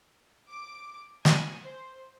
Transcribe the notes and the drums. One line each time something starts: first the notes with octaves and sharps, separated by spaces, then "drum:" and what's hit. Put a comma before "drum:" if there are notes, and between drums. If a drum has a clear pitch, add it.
D6
G#5, drum: snare
C5